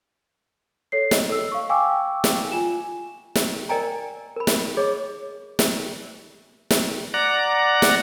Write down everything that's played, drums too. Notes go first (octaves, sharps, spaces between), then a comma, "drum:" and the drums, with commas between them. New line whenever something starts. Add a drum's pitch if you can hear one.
A4 C#5 C7
D#5, drum: snare
A4 E6
F5 C#6
F5 G5 G#5 C#6 D6 E6
drum: snare
F4 G#5 E7
drum: snare
A#4 D5 D#5 G5 G#5 A#5
A#4 B5
drum: snare
G#4 C#5 D#5 D6
drum: snare
drum: snare
D5 F#5 A#5
drum: snare